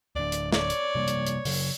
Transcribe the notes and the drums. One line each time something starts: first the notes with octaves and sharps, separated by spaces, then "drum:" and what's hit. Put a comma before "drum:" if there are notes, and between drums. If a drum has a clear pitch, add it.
D1 D3 D5
drum: hi-hat
C#5 D5, drum: snare
drum: hi-hat
C3 G3 A#3
drum: hi-hat
drum: hi-hat
C#3 F#3, drum: open hi-hat